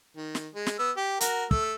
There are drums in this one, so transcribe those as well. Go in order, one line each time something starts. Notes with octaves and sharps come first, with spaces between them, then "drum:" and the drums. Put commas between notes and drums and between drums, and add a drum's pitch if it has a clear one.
D#3
drum: snare
G#3
drum: snare
B3 E6
G4
F#4 A#4, drum: hi-hat
A3 E6, drum: kick